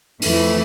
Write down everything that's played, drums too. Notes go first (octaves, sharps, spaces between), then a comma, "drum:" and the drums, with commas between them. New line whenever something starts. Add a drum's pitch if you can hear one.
F2 E3 A3, drum: open hi-hat